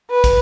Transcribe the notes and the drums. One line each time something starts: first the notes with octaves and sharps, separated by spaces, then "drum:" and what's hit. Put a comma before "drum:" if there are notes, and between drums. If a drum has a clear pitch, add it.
B4
drum: kick, hi-hat